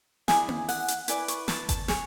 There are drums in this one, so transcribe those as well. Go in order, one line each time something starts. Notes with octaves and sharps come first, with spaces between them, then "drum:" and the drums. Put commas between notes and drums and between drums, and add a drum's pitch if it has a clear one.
E4 G#4 D5 G#5, drum: snare
drum: tom A#3
F#5, drum: open hi-hat
drum: hi-hat
E4 B4 D5 G#5, drum: hi-hat
C#6, drum: hi-hat
A5, drum: snare
A5, drum: kick G1, hi-hat
G#4 C#5 G#5, drum: snare